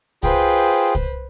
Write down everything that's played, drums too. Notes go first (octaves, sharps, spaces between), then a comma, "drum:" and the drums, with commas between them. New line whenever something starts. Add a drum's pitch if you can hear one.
F4 G#4 B4 C5 G5, drum: kick C2
drum: kick C2